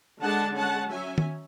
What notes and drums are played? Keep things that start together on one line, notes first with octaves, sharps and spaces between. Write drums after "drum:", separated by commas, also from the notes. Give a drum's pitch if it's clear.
D3 G#3 D4 F#5 A5
G#3 C#4 F#5 A5
F#3 C#4 E5 G#5
drum: tom D#3